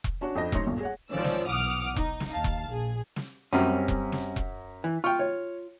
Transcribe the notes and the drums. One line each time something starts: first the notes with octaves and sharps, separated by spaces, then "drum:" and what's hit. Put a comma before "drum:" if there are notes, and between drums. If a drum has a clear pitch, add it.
drum: kick E1
C#4 D4 F#4
F2 C4 D4 D#5 A#6
F#2 A2 D#4 C#5 C6 A#6, drum: kick E1
D#1 B1 G2
G#4 C#5 F#5
G#1 D#3 F3 C#4 D5 E6
drum: snare
B1 E3 F#5 D6 D#6 F6
D#4, drum: kick E1
drum: snare
D#2 F5 A5
drum: kick E1
A#1 G#4
drum: snare
F#2 G3 C4 C#4
drum: kick E1
drum: snare
drum: kick E1
E3
F4 G5 C#6
C#5